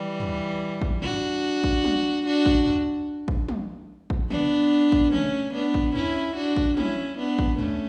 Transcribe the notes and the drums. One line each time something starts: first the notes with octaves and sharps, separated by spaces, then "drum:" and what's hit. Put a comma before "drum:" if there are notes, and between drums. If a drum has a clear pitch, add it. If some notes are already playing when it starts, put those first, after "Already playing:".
Already playing: E3 G3
drum: tom
drum: kick A1
D4 F#4, drum: tom
drum: kick A1
drum: tom
D4 F#4
drum: kick A1
drum: tom
drum: kick A1
drum: tom
drum: kick A1
B3 D4, drum: tom
drum: kick A1
A3 C#4, drum: tom
B3 D4
drum: kick A1
C#4 E4, drum: tom
D4 F#4
drum: kick A1
C#4 E4, drum: tom
B3 D4
drum: kick A1
A3 C#4, drum: tom